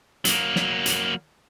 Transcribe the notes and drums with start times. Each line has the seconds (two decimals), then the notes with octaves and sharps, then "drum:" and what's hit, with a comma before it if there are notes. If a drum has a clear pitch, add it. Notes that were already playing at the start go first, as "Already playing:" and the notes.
0.25 F#3 A#3, drum: hi-hat
0.56 drum: snare
0.86 drum: hi-hat